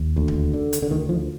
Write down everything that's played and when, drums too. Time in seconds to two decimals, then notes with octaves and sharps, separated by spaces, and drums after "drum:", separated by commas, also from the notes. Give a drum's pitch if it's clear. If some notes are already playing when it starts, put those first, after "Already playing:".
Already playing: D#2
0.16 D2
0.28 drum: kick D1
0.54 D3
0.73 drum: hi-hat
0.82 D3
0.90 D2 D#3
1.09 F3